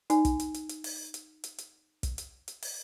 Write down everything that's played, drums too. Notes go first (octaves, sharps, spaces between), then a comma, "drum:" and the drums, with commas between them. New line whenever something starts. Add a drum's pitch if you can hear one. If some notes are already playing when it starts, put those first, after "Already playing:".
D#4 G#5, drum: hi-hat
drum: kick, hi-hat
drum: hi-hat
drum: hi-hat
drum: hi-hat
drum: open hi-hat
drum: hi-hat
drum: hi-hat
drum: hi-hat
drum: kick, hi-hat
drum: hi-hat
drum: hi-hat
drum: open hi-hat